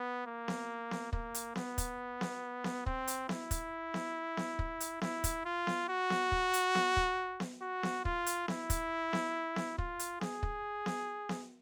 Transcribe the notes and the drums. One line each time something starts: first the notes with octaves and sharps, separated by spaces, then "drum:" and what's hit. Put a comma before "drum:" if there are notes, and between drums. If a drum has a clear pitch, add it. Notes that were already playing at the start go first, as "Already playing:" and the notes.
Already playing: B3
A#3
drum: snare B3
drum: snare B3
A#3, drum: kick
drum: hi-hat
B3, drum: snare B3
drum: kick, hi-hat
drum: snare B3
drum: snare B3
C4, drum: kick
drum: hi-hat
E4, drum: snare B3
drum: kick, hi-hat
drum: snare B3
drum: snare B3
drum: kick
drum: hi-hat
E4, drum: snare B3
drum: kick, hi-hat
F4
drum: snare B3
F#4
drum: snare B3
drum: kick
drum: hi-hat
drum: snare B3
drum: kick
drum: snare B3
F#4
drum: snare B3
F4, drum: kick
drum: hi-hat
E4, drum: snare B3
drum: kick, hi-hat
drum: snare B3
drum: snare B3
F4, drum: kick
drum: hi-hat
G#4, drum: snare B3
drum: kick
drum: snare B3
drum: snare B3